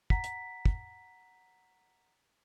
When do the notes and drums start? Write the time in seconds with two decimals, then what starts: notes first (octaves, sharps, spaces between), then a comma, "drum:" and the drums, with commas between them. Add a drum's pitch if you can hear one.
0.10 F#5 A#5 B6, drum: kick
0.24 drum: hi-hat
0.65 drum: kick